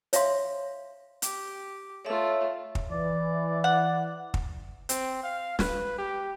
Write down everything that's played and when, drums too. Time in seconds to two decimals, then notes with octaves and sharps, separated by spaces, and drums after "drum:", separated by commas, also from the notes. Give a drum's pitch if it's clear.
0.13 C#5 E5 F5 C6, drum: hi-hat
1.22 G4, drum: hi-hat
2.05 A3 F4 C#5 E5
2.75 drum: kick
2.91 E3 D5
3.64 F#5
4.34 drum: kick
4.89 C4, drum: hi-hat
5.23 F5
5.59 B4, drum: snare
5.98 G4